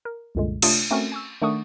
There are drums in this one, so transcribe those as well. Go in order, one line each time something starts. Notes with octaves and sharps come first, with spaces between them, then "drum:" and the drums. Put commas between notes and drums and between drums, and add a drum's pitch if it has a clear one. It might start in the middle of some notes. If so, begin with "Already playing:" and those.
A#4
C2 F#2 A#2 D3 G#3
C3 A3 D4 F4 C#5 D#6, drum: cymbal
A3 C4 C#4 F#4 A#4
G#5 C#6 E6
D#3 A3 D4 F#5 C#6 D#6